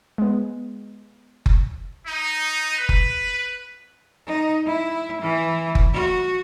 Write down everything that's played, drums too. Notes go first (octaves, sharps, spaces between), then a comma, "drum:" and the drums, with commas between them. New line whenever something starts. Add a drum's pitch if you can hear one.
G#3 B3
drum: kick F#1
D#4
B4
drum: kick F#1
D#4
E4
E3
drum: kick F#1
F#4